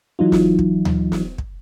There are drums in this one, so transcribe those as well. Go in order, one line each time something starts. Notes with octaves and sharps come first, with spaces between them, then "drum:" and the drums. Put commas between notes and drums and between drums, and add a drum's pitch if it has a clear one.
E3 F#3 D#4 F4
drum: snare
drum: kick
drum: tom D2
drum: snare
drum: kick